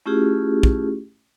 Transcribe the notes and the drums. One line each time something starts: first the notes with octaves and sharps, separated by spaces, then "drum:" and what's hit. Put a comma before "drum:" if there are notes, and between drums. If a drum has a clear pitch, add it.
A3 C#4 E4 F4 G4 G#4
drum: kick